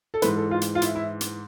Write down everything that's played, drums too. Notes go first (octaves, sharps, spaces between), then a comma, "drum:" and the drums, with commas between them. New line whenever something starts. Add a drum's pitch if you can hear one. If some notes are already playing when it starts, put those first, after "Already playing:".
A4
G#2 E3 B4, drum: hi-hat
A4
F4
drum: hi-hat
F4
E4, drum: hi-hat
E4
drum: hi-hat